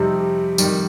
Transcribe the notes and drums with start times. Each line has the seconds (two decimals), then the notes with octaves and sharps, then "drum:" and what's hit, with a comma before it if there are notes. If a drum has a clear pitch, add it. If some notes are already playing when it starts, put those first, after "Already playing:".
Already playing: F2 C3 G3 C4 D#4 G4
0.58 F2 D#3 G3, drum: tambourine